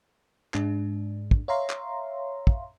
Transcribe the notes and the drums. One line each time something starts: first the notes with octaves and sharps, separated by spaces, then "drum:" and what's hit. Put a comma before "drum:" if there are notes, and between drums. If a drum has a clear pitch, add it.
G#2 G#3 D4, drum: clap
drum: kick
C#5 E5 F5 A#5 C6
drum: clap
drum: kick